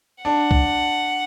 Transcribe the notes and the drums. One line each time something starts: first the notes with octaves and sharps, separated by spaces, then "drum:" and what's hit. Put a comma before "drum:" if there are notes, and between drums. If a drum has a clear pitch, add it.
D4 F#5
drum: kick C2